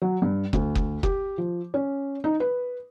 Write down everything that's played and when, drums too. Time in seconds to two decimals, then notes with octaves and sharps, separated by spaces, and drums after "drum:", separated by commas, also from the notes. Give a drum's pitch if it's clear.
0.02 F#3
0.22 G2
0.53 D2, drum: kick
0.75 drum: kick
1.03 G4, drum: kick
1.38 F3
1.74 C#4
2.24 D#4
2.40 B4